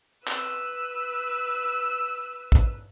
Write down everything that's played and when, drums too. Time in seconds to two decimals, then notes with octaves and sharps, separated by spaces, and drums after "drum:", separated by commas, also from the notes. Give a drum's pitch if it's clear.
0.27 B4 E6, drum: clap
2.52 drum: kick